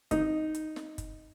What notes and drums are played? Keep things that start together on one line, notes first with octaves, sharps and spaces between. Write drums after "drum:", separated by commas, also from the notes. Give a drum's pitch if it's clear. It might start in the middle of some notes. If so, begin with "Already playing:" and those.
D#4, drum: kick, hi-hat
drum: hi-hat
drum: snare
drum: kick, hi-hat